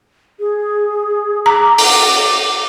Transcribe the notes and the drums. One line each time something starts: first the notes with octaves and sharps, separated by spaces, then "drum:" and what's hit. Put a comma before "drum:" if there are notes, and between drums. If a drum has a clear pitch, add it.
G#4
A#5 D6
D6, drum: open hi-hat